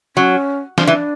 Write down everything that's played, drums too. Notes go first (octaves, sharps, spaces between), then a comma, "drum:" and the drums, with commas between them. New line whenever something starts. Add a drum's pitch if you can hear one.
F#3 C#4
F3 D4, drum: snare
E3